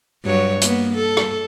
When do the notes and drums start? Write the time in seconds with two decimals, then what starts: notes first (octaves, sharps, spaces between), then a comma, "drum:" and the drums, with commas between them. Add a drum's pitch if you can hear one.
0.25 G2 F#3 C#5
0.61 A#3 B3, drum: hi-hat
0.94 A4
1.17 drum: rim click